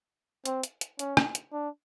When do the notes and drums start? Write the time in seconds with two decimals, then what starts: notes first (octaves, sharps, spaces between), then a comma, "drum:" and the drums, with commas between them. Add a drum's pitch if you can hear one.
0.46 C4, drum: hi-hat
0.63 drum: hi-hat
0.81 drum: hi-hat
0.99 C#4, drum: hi-hat
1.17 drum: rim click
1.35 drum: hi-hat
1.53 D4